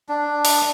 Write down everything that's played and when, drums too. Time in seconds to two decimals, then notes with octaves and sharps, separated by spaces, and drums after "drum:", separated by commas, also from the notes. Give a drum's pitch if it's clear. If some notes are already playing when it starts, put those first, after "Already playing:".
0.09 D4
0.45 drum: open hi-hat